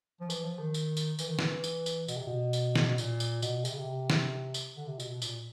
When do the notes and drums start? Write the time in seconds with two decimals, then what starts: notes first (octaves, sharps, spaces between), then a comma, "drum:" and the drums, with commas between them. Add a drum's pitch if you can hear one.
0.21 F3
0.30 E3, drum: tambourine
0.45 F3
0.59 D#3
0.74 drum: tambourine
0.97 drum: tambourine
1.19 E3, drum: tambourine
1.29 D#3
1.39 E3, drum: snare
1.64 drum: tambourine
1.86 drum: tambourine
2.08 B2, drum: tambourine
2.17 C3
2.27 B2
2.53 drum: tambourine
2.75 drum: snare
2.88 B2
2.98 A#2, drum: tambourine
3.20 drum: tambourine
3.42 B2, drum: tambourine
3.65 C3, drum: tambourine
3.72 C#3
3.79 C3
4.10 drum: snare
4.54 drum: tambourine
4.77 D3
4.87 C3
5.00 B2, drum: tambourine
5.10 B2
5.22 A#2, drum: tambourine